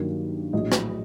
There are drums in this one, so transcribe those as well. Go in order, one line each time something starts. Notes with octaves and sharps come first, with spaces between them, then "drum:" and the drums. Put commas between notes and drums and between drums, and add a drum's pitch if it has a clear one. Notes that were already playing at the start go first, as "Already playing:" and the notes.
Already playing: G2 D#3 F#3 A#3
A#1 A2 F#3 D#5
drum: rim click